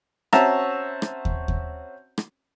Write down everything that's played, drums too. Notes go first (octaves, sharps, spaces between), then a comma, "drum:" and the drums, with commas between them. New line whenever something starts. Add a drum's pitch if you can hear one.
C4 C#4 F#4 E5 A5 A#5, drum: rim click
drum: rim click
drum: kick D#2
drum: kick D#2
drum: rim click